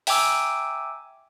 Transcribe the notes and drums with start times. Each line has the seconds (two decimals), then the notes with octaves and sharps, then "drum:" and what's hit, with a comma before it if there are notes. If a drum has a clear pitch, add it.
0.07 E5 G5 G#5 A#5 D6 E6, drum: open hi-hat